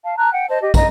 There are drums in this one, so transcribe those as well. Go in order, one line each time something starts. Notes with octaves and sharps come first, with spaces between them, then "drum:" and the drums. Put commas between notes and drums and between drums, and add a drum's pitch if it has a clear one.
F5 A5
A5 A#5 F#6
F#5 G5
C5 D#5 A5
G4 D#5
D#5 A#5, drum: kick, tambourine